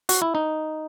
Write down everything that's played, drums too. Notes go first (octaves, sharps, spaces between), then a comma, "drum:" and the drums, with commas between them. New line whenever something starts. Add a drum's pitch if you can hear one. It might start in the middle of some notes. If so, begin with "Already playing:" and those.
F#4, drum: hi-hat
E4
D#4